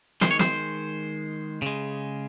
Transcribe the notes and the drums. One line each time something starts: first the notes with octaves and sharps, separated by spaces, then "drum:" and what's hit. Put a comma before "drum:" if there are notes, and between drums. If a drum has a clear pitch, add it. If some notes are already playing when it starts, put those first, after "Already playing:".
D#3 G#3 C5, drum: snare
C#5
C5, drum: snare
C#3 G#3